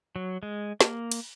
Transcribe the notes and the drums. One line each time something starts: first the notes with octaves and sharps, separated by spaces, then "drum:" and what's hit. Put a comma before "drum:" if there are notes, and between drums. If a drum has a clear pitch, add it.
F#3
G#3
A#3, drum: snare
drum: cymbal